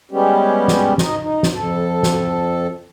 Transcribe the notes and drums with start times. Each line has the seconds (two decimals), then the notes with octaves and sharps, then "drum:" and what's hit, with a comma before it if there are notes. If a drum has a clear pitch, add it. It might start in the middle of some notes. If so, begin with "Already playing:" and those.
0.11 G3 G#3 B3 C#4 G4
0.68 drum: snare
0.98 D#4 D#5, drum: snare
1.22 D#4
1.43 drum: snare
1.55 F2 A4
2.03 drum: snare